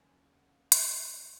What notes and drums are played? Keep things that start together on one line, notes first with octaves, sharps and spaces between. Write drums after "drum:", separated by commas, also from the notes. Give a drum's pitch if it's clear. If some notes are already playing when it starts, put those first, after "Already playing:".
Already playing: D#2 C#3 F#3 G#5
F#5
F5
D#5, drum: hi-hat
C#5